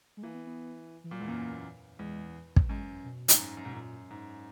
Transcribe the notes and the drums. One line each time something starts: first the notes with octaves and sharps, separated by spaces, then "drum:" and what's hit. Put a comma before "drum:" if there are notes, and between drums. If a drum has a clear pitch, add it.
G#3
E3 A#3
B3
B3
E3
A#2 F#3
E2 G#3
F#2 A#3
E2 G#3
drum: kick
F#2 G#3
B2
G#2, drum: hi-hat
F#2
F#2
G#2 B2
F#2 A#2
G#2